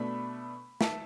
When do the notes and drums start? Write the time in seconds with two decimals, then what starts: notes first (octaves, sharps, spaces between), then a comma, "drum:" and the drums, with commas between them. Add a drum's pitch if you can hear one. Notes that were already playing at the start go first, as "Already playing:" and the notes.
Already playing: B2 A3 D4 B5
0.81 E5 A5, drum: snare